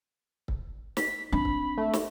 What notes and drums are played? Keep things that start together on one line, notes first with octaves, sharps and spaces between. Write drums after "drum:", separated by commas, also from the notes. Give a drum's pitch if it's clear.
drum: kick
B6, drum: snare
C4 D4 B5
drum: kick
A3
drum: snare